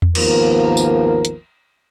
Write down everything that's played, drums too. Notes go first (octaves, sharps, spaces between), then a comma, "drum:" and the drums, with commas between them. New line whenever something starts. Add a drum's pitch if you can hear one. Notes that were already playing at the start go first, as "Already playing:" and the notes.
drum: tom E2
G#1 D#2 F3 A#3 B3 A#4, drum: cymbal
drum: tambourine
drum: hi-hat